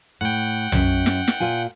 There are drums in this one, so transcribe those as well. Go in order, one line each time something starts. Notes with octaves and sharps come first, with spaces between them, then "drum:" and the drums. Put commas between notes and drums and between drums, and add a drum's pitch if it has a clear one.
A2 F#5 G5
F#2, drum: tom B1
drum: snare
drum: snare
A#2 F4 G#5